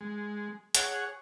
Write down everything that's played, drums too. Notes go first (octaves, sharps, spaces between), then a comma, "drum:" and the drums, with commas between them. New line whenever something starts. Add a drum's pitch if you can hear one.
G#3
G#4 C#5 F#5, drum: hi-hat